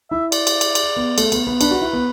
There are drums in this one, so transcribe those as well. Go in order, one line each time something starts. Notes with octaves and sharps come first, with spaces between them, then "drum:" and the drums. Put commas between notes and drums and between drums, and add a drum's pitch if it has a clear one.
E4 E5
D5, drum: cymbal
drum: cymbal
drum: cymbal
drum: cymbal
B3
A3, drum: cymbal
B3, drum: cymbal
B3
D4 B4, drum: cymbal
F#4
E4
B3